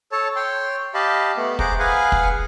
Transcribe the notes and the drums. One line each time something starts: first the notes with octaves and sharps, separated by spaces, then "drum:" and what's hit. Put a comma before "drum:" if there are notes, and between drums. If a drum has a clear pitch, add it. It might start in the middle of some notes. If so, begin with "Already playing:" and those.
A4 C#5 A5
C#5 G5 C6
G4 D#5 F5 A5 B5
A3 B3
G#4 C5 F#5 A#5 D6, drum: kick
G#4 B4 F5 F#5 G#5
drum: kick